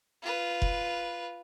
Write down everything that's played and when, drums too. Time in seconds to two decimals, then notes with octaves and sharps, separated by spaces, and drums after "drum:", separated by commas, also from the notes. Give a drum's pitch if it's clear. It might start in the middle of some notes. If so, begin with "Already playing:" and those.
0.22 F4 B4
0.62 drum: kick F1